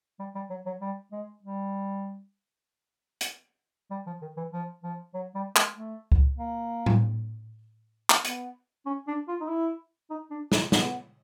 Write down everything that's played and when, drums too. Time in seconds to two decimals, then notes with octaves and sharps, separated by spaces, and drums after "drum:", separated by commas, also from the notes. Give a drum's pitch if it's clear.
0.19 G3
0.35 G3
0.50 F#3
0.66 F#3
0.81 G3
1.12 G#3
1.43 G3
3.21 drum: hi-hat
3.90 G3
4.06 F3
4.21 D#3
4.37 E3
4.53 F3
4.83 F3
5.14 F#3
5.35 G3
5.56 G#3, drum: clap
5.76 A3
6.12 drum: kick C#2
6.38 A#3
6.86 drum: tom
8.10 drum: clap
8.25 B3, drum: hi-hat
8.86 C#4
9.07 D4
9.28 F4
9.41 D#4
9.48 E4
10.10 D#4
10.31 D4
10.52 E4, drum: snare
10.72 B3, drum: snare